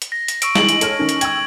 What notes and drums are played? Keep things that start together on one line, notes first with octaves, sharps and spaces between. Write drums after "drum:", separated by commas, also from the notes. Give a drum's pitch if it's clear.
drum: hi-hat
A#6
drum: hi-hat
C#6 E6 D7, drum: hi-hat
E3 G#3 F#7, drum: snare
drum: hi-hat
A4 C#5 F6, drum: hi-hat
D#3 C#4 D#4
drum: hi-hat
G5 E6 G#6 F#7, drum: hi-hat